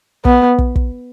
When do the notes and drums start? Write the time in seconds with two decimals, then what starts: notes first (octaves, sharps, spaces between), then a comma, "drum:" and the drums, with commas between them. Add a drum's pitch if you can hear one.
0.25 B3, drum: kick
0.59 drum: kick
0.76 drum: kick